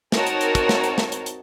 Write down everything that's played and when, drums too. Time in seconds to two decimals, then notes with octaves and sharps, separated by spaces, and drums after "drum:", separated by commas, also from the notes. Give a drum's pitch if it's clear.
0.12 C4 D#4 F#4 A#4 C#5 A5, drum: snare
0.27 drum: hi-hat
0.41 drum: hi-hat
0.55 drum: kick, hi-hat
0.69 drum: snare
0.84 drum: hi-hat
0.98 drum: snare
1.12 drum: hi-hat
1.26 drum: hi-hat